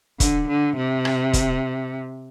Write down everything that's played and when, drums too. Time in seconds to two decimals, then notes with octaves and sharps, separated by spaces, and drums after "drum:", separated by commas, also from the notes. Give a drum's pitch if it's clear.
0.20 D3, drum: kick, hi-hat
0.49 D3
0.77 C3
1.05 drum: rim click
1.33 drum: kick, hi-hat